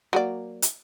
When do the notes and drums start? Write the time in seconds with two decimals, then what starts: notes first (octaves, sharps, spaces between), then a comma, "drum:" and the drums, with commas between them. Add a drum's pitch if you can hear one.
0.13 F#3 A#3 D5
0.62 drum: hi-hat